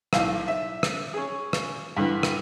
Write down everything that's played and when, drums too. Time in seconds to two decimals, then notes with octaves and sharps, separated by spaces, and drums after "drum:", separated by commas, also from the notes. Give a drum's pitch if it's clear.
0.13 B1 A2 F5 E6, drum: rim click
0.48 E5
0.83 drum: rim click
1.14 C#4 G#4
1.53 drum: rim click
1.97 G2 D3 E3
2.23 drum: rim click